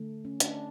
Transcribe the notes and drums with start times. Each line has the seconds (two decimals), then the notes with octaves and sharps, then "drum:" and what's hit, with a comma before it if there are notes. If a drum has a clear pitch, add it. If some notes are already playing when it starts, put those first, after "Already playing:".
Already playing: D3 A3
0.25 C#4
0.40 D4, drum: hi-hat